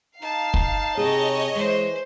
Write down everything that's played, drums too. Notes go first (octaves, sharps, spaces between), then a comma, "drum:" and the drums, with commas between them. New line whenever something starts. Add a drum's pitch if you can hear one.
D#4 F5 A5
drum: kick
C3 G#4 C#5 D#5
E3 G#3 C5